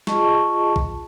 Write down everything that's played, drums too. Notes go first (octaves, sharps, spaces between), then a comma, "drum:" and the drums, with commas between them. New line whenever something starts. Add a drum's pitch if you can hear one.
F4 G#4 D#5 A5 C#6, drum: snare
drum: kick